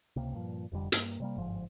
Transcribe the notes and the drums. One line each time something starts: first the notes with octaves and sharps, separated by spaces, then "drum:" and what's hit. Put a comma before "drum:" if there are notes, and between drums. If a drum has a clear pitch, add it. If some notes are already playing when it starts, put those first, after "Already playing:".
C#2 C3 A#3
G2 A#2 F3
F1 F2 D3 G3
G2 A#3, drum: hi-hat
C3 G3 A#3
G1 G#2 F3